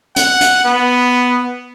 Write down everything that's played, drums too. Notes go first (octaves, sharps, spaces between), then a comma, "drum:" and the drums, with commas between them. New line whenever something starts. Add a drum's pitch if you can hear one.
F#5, drum: hi-hat
drum: hi-hat
B3